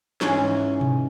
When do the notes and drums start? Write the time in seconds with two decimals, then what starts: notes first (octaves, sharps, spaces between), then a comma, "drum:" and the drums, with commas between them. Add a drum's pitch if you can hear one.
0.21 G#2 E3 G#3 C#4, drum: snare
0.81 drum: tom B2